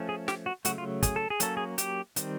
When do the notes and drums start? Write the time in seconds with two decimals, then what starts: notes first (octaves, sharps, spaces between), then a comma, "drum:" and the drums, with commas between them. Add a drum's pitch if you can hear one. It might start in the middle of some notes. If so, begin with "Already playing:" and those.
Already playing: F3 A3 C#4
0.09 G#4
0.28 G4, drum: snare
0.46 F#4
0.65 C#3 F#3 A3 F#4, drum: hi-hat
0.78 F4
1.03 G#4, drum: kick, hi-hat
1.16 A4
1.30 G#4
1.40 F#3 A#3 C#4 A4, drum: hi-hat
1.57 G#4
1.78 G4, drum: hi-hat
2.16 D#3 G3 C4, drum: hi-hat